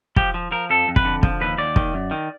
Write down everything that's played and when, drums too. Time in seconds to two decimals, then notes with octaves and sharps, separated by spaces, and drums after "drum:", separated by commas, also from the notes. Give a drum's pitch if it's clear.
0.16 F3 G4, drum: kick
0.34 F3
0.51 F3 A#4
0.70 F2 A4
0.88 F2
0.96 B4, drum: kick
1.05 D3
1.23 F3, drum: kick
1.41 D#2 B4
1.58 D#2 D5
1.76 D#3, drum: kick
1.94 F#2
2.11 D#3